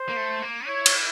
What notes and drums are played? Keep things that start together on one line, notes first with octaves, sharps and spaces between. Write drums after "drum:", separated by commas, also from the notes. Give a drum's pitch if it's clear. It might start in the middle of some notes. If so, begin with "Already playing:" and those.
Already playing: C5
A#3
A3
A#3
E4 C#5
drum: cymbal